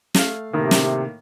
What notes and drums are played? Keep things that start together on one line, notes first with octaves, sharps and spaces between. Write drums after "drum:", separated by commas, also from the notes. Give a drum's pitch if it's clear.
A3 F5, drum: snare
A2 C3 D#3 A#3
drum: snare